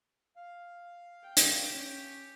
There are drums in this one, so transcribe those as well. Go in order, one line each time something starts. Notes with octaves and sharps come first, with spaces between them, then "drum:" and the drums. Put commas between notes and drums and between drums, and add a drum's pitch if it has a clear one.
F5
G5
drum: hi-hat
C#4 G4